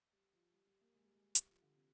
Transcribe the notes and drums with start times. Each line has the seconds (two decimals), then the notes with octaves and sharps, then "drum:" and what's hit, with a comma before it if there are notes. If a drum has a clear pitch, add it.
0.13 G3
0.33 F3
0.54 G3
0.67 G3
0.81 A#3
0.94 G#3
1.05 G3
1.15 G#3
1.35 G3, drum: hi-hat
1.49 F3
1.62 D3
1.75 C3